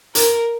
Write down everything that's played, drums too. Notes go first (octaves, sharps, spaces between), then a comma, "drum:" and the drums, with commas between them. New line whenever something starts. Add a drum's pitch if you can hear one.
A#4, drum: hi-hat